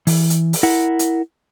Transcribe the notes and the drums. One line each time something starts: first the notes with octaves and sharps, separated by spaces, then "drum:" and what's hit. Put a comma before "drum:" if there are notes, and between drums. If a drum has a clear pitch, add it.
E3, drum: open hi-hat
drum: hi-hat
drum: open hi-hat
E4 A#4 F#5
drum: hi-hat